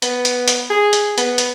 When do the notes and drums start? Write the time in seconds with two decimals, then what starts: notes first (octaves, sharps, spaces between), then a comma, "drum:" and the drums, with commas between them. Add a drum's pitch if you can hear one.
0.02 B3, drum: hi-hat
0.25 drum: hi-hat
0.48 drum: hi-hat
0.70 G#4
0.93 drum: hi-hat
1.18 B3, drum: hi-hat
1.38 drum: hi-hat